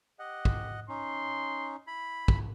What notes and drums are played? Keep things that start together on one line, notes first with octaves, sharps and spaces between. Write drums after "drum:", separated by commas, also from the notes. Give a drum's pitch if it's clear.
G4 D#5 F#5
drum: kick
C#4 D#4 C6
E4 B5
drum: kick